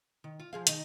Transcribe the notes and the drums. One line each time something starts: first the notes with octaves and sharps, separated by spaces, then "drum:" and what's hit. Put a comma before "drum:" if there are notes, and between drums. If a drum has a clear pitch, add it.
D#3
F4
F3 G#4 F5
D#3 D#4, drum: hi-hat